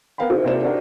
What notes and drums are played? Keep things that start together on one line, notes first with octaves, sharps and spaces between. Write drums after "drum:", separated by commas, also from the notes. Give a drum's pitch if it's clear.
B3 A#4 F5 G5 B5
C#3 E4, drum: cymbal
C3 A#3 C5 D5 E7
D4 F#4 G4 A#4 D5